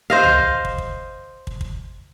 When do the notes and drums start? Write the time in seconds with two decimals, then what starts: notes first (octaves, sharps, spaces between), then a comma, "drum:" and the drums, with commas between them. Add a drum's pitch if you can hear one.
0.10 C5 D#5 F5
0.23 drum: tom
0.65 drum: kick
0.78 drum: kick
1.47 drum: kick
1.61 drum: kick